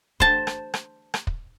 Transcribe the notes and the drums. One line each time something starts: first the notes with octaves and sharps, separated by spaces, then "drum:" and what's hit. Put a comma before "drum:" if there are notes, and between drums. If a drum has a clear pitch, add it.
C5 A5, drum: kick
drum: rim click
drum: rim click
drum: rim click
drum: kick